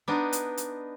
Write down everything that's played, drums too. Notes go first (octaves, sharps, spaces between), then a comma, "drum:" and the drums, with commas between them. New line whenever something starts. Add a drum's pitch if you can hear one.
B3 D4 D#4
drum: hi-hat
drum: hi-hat